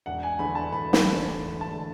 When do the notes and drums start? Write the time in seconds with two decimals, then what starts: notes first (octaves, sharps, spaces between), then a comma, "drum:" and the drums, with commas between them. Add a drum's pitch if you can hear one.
0.06 E1 F#5
0.23 G#5
0.39 E2 D3 A3 B5
0.55 A5
0.72 E1 B5
0.93 drum: snare
1.06 E2 D3 A3
1.39 E1
1.61 A5
1.71 D3 A3